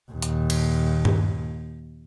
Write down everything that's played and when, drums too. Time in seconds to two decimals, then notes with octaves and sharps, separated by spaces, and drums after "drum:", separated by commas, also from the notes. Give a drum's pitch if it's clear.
0.11 D#2 A#2
0.22 drum: hi-hat
0.50 drum: cymbal
1.05 drum: tom G2